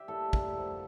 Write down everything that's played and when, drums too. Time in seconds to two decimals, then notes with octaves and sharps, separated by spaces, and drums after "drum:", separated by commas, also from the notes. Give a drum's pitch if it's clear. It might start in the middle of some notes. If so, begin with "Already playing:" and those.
Already playing: G4 E5
0.08 A2 G3 A#3 A4
0.33 drum: kick
0.57 D3 F3 A#3